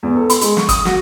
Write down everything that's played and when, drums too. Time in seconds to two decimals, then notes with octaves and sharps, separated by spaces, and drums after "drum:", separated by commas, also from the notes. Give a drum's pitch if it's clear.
0.03 E2
0.15 A4
0.30 C6, drum: hi-hat
0.41 G#3, drum: hi-hat
0.57 C#6, drum: snare
0.69 D#6, drum: kick, hi-hat
0.85 F#4, drum: snare